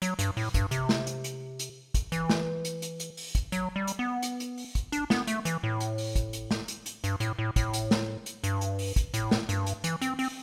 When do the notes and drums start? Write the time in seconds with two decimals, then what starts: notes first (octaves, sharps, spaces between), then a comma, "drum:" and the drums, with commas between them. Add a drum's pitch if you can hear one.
0.02 F#3, drum: hi-hat
0.19 G2, drum: hi-hat
0.37 A2, drum: open hi-hat
0.54 G2, drum: kick, hi-hat
0.71 C3, drum: hi-hat
0.89 drum: snare
1.07 drum: hi-hat
1.24 drum: hi-hat
1.59 drum: hi-hat
1.94 drum: kick, hi-hat
2.12 E3, drum: hi-hat
2.30 drum: snare
2.65 drum: hi-hat
2.82 drum: hi-hat
3.00 drum: hi-hat
3.17 drum: open hi-hat
3.35 drum: kick, hi-hat
3.52 F#3, drum: hi-hat
3.76 G3
3.87 drum: hi-hat
3.99 B3
4.23 drum: hi-hat
4.40 drum: hi-hat
4.58 drum: open hi-hat
4.75 drum: kick, hi-hat
4.92 D4, drum: hi-hat
5.10 B3, drum: snare
5.27 A3, drum: hi-hat
5.45 E3, drum: hi-hat
5.63 A2
5.80 drum: hi-hat
5.98 drum: open hi-hat
6.16 drum: kick, hi-hat
6.33 drum: hi-hat
6.51 drum: snare
6.68 drum: hi-hat
6.86 drum: hi-hat
7.04 G2, drum: hi-hat
7.20 A2, drum: hi-hat
7.39 A2
7.56 A2, drum: kick, hi-hat
7.73 drum: hi-hat
7.91 drum: snare
8.26 drum: hi-hat
8.44 G2, drum: hi-hat
8.61 drum: hi-hat
8.79 drum: open hi-hat
8.96 drum: kick, hi-hat
9.14 A2, drum: hi-hat
9.31 drum: snare
9.49 G2, drum: hi-hat
9.66 drum: hi-hat
9.84 E3, drum: hi-hat
10.01 C4, drum: hi-hat
10.19 C4, drum: open hi-hat